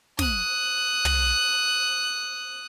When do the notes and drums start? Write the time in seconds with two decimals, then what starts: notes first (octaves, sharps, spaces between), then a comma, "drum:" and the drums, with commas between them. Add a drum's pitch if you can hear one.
0.19 D#6 F#6, drum: snare
1.05 drum: tom